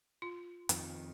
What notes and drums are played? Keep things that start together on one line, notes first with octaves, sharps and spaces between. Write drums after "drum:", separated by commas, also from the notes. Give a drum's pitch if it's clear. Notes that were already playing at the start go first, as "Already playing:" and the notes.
F4
F2 D#3, drum: hi-hat